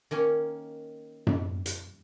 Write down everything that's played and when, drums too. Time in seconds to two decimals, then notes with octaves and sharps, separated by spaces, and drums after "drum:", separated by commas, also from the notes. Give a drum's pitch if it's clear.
0.11 D#3 A#3 C#4
1.27 drum: tom F#2
1.66 drum: hi-hat